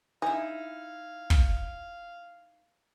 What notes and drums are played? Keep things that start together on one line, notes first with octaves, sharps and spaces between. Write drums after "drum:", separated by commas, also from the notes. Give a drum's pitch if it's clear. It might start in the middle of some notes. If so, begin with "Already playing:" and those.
D#4 E4 G#4 F5
drum: kick